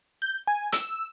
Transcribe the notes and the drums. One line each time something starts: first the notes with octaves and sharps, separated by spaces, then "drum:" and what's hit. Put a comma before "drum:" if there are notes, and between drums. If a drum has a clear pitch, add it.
G6
G#5
E6, drum: hi-hat